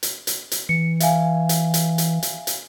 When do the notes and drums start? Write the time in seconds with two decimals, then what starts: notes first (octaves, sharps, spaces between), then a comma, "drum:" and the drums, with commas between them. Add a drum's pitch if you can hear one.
0.03 drum: hi-hat
0.27 drum: hi-hat
0.51 drum: hi-hat
0.69 E3 C#7
1.00 E5 F5 G#5, drum: hi-hat
1.49 drum: hi-hat
1.74 drum: hi-hat
1.98 drum: hi-hat
2.23 drum: hi-hat
2.47 drum: hi-hat